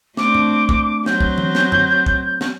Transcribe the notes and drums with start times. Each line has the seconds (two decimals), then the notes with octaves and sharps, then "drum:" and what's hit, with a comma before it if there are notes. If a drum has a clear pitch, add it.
0.17 A3 C4 D4 D6, drum: snare
0.35 drum: tom G#2
0.69 drum: kick
1.06 F#3 C4 G6, drum: snare
1.20 drum: kick
1.38 drum: tom E3
1.55 drum: snare
1.72 drum: tom F#2
2.06 drum: kick
2.41 drum: snare